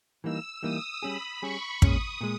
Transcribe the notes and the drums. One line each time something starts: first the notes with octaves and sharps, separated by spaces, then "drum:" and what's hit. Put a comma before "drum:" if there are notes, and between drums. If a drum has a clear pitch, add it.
E3 G3 A#3 D#4 E6
E3 G3 A#3 D#4 D#6
G3 C#4 G#4 B5
G3 C#4 G#4 C#6
A#2 G#3 C#4 D#6, drum: kick
A#2 G#3